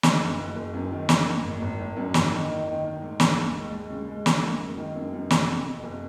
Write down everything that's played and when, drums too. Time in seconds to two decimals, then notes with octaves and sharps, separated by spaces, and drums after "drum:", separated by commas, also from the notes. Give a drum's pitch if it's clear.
0.03 D#3, drum: snare
0.20 F#1
0.38 F#1
0.55 F#1
0.73 F#2
0.91 D#3
1.09 A#3, drum: snare
1.26 A#3
1.43 G#1
1.61 G#1
1.79 G#1
1.96 F#2
2.14 A#3, drum: snare
2.31 D#3
2.49 D#3
2.67 D#3
2.84 D#3
3.02 G#2
3.20 D#2, drum: snare
3.37 D#2
3.55 G#3
3.73 G#3
3.90 C#3
4.07 G#3
4.26 A#3, drum: snare
4.43 A#3
4.61 F#2
4.78 D#3
4.95 F#2
5.13 F#2
5.30 C3, drum: snare
5.48 F2
5.66 F2
5.83 F#1